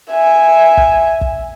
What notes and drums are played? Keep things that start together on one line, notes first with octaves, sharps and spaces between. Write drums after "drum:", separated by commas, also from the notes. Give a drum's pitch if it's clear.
E5 G#5
drum: kick
drum: kick